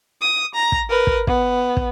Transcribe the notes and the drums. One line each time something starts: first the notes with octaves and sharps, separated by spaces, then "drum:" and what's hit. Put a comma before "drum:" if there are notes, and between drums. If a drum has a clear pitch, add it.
D#6
A#5
drum: kick
A#4 B4
drum: kick
B3, drum: kick
drum: kick